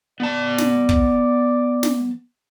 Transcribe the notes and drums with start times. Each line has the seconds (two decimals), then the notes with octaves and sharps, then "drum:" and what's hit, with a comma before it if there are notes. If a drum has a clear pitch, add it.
0.20 B3 D5 A5
0.58 drum: snare
0.89 drum: kick
1.83 drum: snare